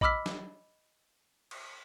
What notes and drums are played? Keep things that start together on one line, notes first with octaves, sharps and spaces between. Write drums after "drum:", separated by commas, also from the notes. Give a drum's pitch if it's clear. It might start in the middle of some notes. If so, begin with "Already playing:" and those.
D#5 B5 D6 E6 F6 B6, drum: kick A#1
drum: snare
drum: cymbal